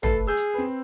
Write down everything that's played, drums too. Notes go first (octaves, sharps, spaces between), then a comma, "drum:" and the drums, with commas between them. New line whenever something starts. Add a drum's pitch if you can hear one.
A3 A4 B4 C7, drum: tom
G#4 E6 G6
drum: hi-hat
C4 B4